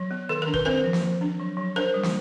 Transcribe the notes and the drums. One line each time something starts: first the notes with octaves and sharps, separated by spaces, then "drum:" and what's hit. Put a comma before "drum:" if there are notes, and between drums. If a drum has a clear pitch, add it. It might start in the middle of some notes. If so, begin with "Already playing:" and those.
Already playing: F#3
B3
D#3 A4
A#4
D4
B4, drum: kick
C4 A#4 C5
F3
drum: snare
F3
D4
F#3
F#3
D4 A#4 C5
G3
drum: snare